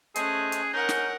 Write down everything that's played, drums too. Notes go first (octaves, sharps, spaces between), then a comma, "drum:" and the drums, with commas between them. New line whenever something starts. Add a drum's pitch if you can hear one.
A3 C#4 G#4 C5 D#5 F#6, drum: hi-hat
drum: hi-hat
C#4 D#4 A#4 F#5
drum: snare